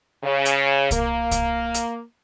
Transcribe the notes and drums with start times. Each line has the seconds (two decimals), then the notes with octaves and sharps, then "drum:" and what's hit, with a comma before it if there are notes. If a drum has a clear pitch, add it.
0.24 C#3
0.45 drum: hi-hat
0.91 A#3, drum: kick C2, hi-hat
1.31 drum: kick C2, hi-hat
1.74 drum: hi-hat